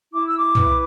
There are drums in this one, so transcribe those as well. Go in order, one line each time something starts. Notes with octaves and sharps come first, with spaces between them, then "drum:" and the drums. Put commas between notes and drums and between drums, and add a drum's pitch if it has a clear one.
E4 D6
E6
D6
B4, drum: tom